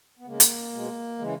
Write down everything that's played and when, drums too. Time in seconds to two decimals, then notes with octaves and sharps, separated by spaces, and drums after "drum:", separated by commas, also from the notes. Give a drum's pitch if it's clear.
0.19 B3
0.26 C#3 G#3 A#3
0.40 drum: hi-hat
0.73 B2 G#3
1.18 C#3 E3 G#3